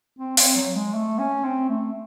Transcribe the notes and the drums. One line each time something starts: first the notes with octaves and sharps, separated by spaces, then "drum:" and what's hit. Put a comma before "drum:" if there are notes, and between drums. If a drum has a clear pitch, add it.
C4
C4, drum: open hi-hat
F#3
G#3
A3
C#4
C4
A3